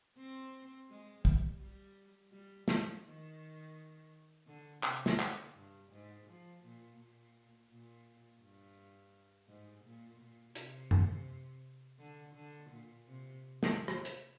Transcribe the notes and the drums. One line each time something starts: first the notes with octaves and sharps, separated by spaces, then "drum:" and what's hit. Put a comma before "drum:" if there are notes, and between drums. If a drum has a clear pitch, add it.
C4
G#3
G3, drum: kick
G3
G3
F3, drum: snare
D#3
D3
C3, drum: clap
drum: snare
D3, drum: clap
G2
G#2
F3
A#2
A#2
A#2
G2
G#2
A#2
A#2
C3, drum: hi-hat
drum: tom F#2
D3
D3
A#2
C3
drum: snare
drum: rim click
drum: hi-hat